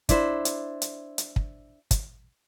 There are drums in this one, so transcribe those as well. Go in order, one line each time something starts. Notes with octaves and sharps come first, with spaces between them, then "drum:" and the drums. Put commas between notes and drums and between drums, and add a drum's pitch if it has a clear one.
D4 E4 C5, drum: kick, hi-hat
drum: hi-hat
drum: hi-hat
drum: hi-hat
drum: kick
drum: kick, hi-hat